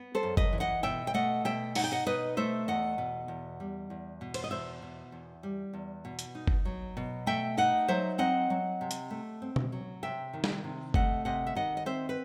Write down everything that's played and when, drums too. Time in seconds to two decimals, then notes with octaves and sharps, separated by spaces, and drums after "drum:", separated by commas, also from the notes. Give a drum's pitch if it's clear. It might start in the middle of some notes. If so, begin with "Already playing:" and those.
Already playing: B3
0.15 A4 C5
0.23 F#2
0.37 B4 D#5, drum: kick
0.53 E3
0.60 D#5 F#5
0.83 B2 E5 G5
1.07 G5
1.14 A3 D#5 F#5
1.45 B2 E5 G5
1.75 D#4 F#5, drum: open hi-hat
1.84 G5
1.92 D#5 F#5
2.06 B2 B4 D#5
2.37 A3 C5 E5
2.68 E2 D#5 F#5
2.98 B2
3.28 E2
3.60 G3
3.90 E2
4.21 B2
4.34 C5, drum: cymbal
4.44 D#5
4.51 E2 C5 E5
4.82 B2
5.12 E2
5.43 G3
5.74 E2
6.05 B2
6.19 drum: hi-hat
6.35 D#4
6.47 drum: kick
6.65 F#3
6.97 B2
7.26 A3 E5 G5
7.57 D#4 D#5 F#5
7.88 F#3 C5 E5
8.18 C4 D#5 F#5
8.50 F#3
8.81 C3
8.91 drum: hi-hat
9.10 A3
9.42 C4
9.56 drum: tom B2
9.72 F#3
10.03 C3 E5 G5
10.33 D#3
10.44 drum: snare G3
10.64 C3
10.94 A3 D#5 F#5, drum: kick
11.25 C3 D#5 F#5
11.47 E5
11.55 D#3 D#5 F#5
11.77 D#5
11.86 C4 C5 E5
12.09 B4